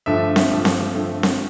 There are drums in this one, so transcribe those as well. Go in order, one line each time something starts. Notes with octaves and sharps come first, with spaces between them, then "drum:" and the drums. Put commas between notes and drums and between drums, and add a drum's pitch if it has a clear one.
G2 D3 F3 A3 E5
drum: snare C4
G2 D3 F3 A3
drum: snare C4
G2 D3 F3 A3
drum: snare C4